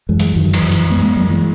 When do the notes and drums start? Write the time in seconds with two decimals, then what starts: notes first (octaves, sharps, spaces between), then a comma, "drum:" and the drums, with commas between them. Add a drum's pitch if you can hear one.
0.09 F#2 E3 G#3
0.20 drum: hi-hat
0.36 F#2 D#3 F#3
0.54 E3, drum: cymbal
0.63 F#2
0.72 E3, drum: hi-hat
0.90 F#2 G#3 B3
1.03 G#3 B3
1.16 F#2 F#3 A#3
1.30 E3 G#3